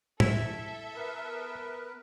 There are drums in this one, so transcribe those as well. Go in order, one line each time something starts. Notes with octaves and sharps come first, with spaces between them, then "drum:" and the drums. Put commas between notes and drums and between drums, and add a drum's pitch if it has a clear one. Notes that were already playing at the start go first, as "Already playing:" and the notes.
E4 A4 E5, drum: tom A2
B3 A#4 B4